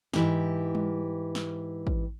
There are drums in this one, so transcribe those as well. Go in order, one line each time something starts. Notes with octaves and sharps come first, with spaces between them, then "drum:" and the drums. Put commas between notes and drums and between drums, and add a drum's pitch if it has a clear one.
G#2 E3 G4, drum: snare
drum: tom G3
drum: snare
drum: kick A1